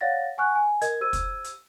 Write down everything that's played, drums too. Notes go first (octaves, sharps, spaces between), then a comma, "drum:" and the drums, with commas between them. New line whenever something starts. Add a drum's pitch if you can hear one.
C#5 D5 F5 F#5 A6 A#6
F#5 G#5 C#6 F6 F#6
G#5
A#4 D#5 G#6, drum: hi-hat
G4 C5 E6 G#6 D#7
drum: kick, hi-hat
drum: hi-hat